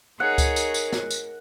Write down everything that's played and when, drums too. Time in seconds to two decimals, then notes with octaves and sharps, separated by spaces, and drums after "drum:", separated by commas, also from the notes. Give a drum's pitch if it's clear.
0.20 D#4 G#4 A#4 C#5 F#5
0.38 drum: kick C#2, tambourine
0.56 drum: tambourine
0.74 drum: tambourine
0.92 drum: snare
1.11 drum: tambourine